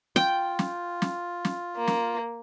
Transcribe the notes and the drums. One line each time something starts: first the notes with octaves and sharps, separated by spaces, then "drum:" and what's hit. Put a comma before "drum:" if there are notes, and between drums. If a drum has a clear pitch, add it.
F4 G5, drum: snare
drum: snare
drum: snare
drum: snare
A#3
drum: snare